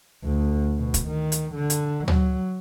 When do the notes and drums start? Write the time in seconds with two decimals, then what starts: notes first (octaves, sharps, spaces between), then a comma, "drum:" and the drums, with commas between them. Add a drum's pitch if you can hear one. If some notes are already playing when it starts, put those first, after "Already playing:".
0.24 D2
0.77 B2
0.94 drum: kick, hi-hat
1.07 D#3
1.32 drum: hi-hat
1.55 D3
1.70 drum: hi-hat
2.08 F#3, drum: tom